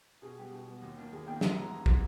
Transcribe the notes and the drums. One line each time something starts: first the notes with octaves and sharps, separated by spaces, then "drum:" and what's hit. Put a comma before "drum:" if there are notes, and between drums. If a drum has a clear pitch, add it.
B2 G#4
G3 B3 G4
B2
G3 B3
D#2
D#3 A#3
D#2 G#4
D#3 A#3 G5
G2 E5, drum: snare
E3 G#3 B3 A#5
G2 A#5
E3 G#3 B3, drum: kick